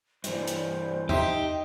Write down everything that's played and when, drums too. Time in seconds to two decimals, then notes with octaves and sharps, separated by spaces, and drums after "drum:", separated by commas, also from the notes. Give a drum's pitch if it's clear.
0.24 G2 E3 C5, drum: hi-hat
0.47 drum: hi-hat
1.09 D#4 G4 E5 C6, drum: tom E2